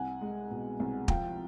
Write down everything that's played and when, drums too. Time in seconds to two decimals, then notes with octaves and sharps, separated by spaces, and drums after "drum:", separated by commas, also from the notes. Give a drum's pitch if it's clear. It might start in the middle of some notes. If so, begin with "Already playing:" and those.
Already playing: C2 F#5 G#5
0.21 G#3
0.51 B2
0.80 C2
1.08 F3 F5 G5, drum: kick